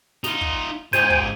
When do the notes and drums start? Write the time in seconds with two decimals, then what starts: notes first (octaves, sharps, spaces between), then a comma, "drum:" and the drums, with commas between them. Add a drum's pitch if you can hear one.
0.24 D#4 F4, drum: snare
0.41 drum: kick
0.93 G#2 F3 C5 G5 G#5 D#7, drum: snare
1.10 drum: kick